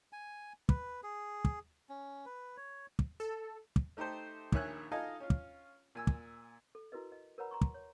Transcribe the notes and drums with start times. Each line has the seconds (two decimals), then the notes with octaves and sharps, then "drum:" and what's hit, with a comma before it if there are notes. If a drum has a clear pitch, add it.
0.13 G#5
0.69 B4, drum: kick
1.03 G#4
1.45 drum: kick
1.89 C#4
2.26 B4
2.57 C#5
2.99 drum: kick
3.20 A4
3.76 drum: kick
3.97 A3 D#4 G4 A4 C5
4.52 A#1 D#3 C#5 E5 G#5 F#6, drum: kick
4.92 D#4 F4 A4 D#5 F5 G#5
5.20 C#4 F4
5.30 drum: kick
5.95 A#2 G#5 E6
6.07 drum: kick
6.75 A4
6.92 E4 F#4 A#4 B4 D#5
7.12 D#5
7.38 A#4 B4 C#5 F#5 A#5 B5
7.51 A#5 C6 C#6
7.61 drum: kick
7.74 C#5